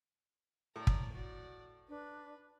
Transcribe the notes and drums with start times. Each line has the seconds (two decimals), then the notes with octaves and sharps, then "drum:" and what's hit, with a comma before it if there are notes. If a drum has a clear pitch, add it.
0.76 A2 D5 A#5
0.87 drum: kick
1.13 F#4 D5
1.89 D4 B4